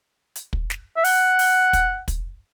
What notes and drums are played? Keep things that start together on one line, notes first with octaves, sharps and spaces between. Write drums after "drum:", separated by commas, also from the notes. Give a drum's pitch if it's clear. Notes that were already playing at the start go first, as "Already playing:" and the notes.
drum: hi-hat
drum: kick
drum: snare
E5
F#5, drum: open hi-hat
drum: open hi-hat
drum: kick, hi-hat
drum: kick, hi-hat